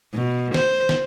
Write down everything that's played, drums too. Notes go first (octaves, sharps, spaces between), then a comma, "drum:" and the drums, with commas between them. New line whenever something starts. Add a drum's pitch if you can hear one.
B2
C5, drum: snare
drum: snare